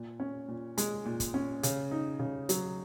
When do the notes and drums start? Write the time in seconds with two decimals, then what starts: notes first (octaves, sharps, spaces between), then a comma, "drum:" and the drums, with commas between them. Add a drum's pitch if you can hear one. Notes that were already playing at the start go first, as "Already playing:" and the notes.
Already playing: A#2
0.20 C#4
0.48 A#2
0.78 G#3, drum: hi-hat
1.05 A#2
1.20 drum: kick, hi-hat
1.34 C#4
1.63 C#3, drum: hi-hat
1.91 D#4
2.19 C#3
2.49 F#3, drum: hi-hat